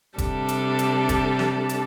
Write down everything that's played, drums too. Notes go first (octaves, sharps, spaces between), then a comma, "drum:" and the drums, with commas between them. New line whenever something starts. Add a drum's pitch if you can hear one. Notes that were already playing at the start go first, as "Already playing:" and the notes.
C3 G3 D4 A4, drum: kick E1, hi-hat
drum: hi-hat
drum: hi-hat
drum: kick E1, hi-hat
drum: snare
drum: hi-hat